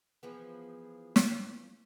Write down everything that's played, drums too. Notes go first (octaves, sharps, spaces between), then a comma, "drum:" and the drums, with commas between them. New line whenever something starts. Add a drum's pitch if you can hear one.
E3 F3 B3 G#4
drum: snare